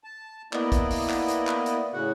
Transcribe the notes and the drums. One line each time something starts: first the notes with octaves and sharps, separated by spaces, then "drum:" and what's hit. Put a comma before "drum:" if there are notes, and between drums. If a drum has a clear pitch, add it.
A5
A#3 B3 E4 D5 D#5, drum: clap
drum: kick, hi-hat
drum: open hi-hat
drum: clap
drum: hi-hat
drum: clap
drum: hi-hat
A2 C#3 F#4 F#5